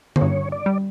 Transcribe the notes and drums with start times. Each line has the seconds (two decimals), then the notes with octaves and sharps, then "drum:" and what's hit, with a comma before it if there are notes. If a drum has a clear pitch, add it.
0.16 C5, drum: tom D3
0.21 G2 C#5
0.52 D5
0.66 G3